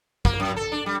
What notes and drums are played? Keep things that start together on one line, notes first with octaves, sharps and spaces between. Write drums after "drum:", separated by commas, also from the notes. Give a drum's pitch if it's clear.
A#3, drum: kick
F#2
A4
D4
G3